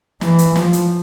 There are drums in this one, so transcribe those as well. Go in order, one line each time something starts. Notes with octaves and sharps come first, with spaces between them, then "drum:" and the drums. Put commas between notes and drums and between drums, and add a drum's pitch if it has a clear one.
E3, drum: snare
drum: hi-hat
F3, drum: snare
drum: hi-hat